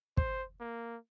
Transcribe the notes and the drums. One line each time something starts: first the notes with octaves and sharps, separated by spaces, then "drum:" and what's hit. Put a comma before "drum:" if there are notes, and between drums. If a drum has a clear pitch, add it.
C5, drum: kick
A#3